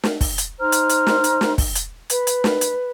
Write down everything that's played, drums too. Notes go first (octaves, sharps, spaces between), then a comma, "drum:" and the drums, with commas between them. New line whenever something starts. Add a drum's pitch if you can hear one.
drum: snare
drum: kick, open hi-hat
drum: hi-hat
D#4 C5 A#5 F6
drum: hi-hat
drum: hi-hat
drum: snare
drum: hi-hat
drum: snare
drum: kick, open hi-hat
drum: hi-hat
B4, drum: hi-hat
drum: hi-hat
drum: snare
drum: hi-hat